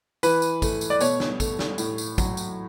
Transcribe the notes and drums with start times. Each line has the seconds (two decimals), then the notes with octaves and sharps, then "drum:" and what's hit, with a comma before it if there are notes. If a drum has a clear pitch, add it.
0.23 E3 B4, drum: tambourine
0.42 drum: tambourine
0.62 A3, drum: kick, tambourine
0.81 drum: tambourine
0.90 D5
1.01 B2 C#5, drum: tambourine
1.20 drum: snare
1.40 A3, drum: kick, tambourine
1.59 drum: snare
1.78 A2, drum: tambourine
1.98 drum: tambourine
2.18 F#3, drum: kick, tambourine
2.37 drum: tambourine